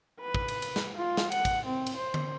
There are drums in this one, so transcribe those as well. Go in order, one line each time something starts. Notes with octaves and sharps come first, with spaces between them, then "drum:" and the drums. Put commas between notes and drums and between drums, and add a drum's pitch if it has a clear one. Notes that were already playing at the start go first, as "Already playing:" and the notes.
B4
drum: kick
drum: cymbal
drum: cymbal
drum: snare
F4
drum: snare
F#5, drum: cymbal
drum: kick, cymbal
C4
drum: cymbal
C5
drum: tom D3